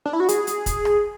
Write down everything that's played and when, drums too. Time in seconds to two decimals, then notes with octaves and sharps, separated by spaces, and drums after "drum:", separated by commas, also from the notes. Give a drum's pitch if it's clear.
0.05 D4
0.13 E4
0.20 F#4
0.29 G#4, drum: hi-hat
0.47 drum: hi-hat
0.66 drum: kick, hi-hat
0.85 drum: rim click